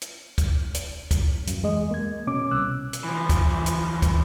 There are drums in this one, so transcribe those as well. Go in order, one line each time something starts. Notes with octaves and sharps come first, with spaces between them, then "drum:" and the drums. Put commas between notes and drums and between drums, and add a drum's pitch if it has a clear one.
drum: hi-hat
drum: kick, hi-hat
drum: hi-hat
drum: kick, hi-hat
F#2, drum: hi-hat
E2 G#3 D#5
A#3 G#6
B2 C#4 D6
C2 E6 F#6
drum: hi-hat
E3 F3
drum: kick, hi-hat
drum: hi-hat
drum: kick, hi-hat